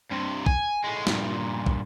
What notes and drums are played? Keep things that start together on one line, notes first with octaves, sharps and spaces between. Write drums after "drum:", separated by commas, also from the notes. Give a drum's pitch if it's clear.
G2 C3
G#5, drum: kick
A2 G#3
G2 A#2, drum: snare
drum: kick